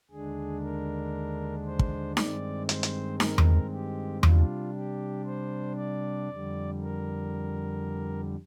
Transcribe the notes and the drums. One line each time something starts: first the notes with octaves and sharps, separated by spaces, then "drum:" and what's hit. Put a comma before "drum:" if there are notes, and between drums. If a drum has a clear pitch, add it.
D#2 D3 G#3 D4 G#4
A#4
C5
drum: kick
G2 D#3 G#3 C4 D5, drum: snare D#4
C5, drum: hi-hat
drum: hi-hat
A#4, drum: snare D#4
drum: tom E2
G4
C3 G3 D4 F4, drum: tom E2
G4
C5
D5
F2 D3 G3
A#4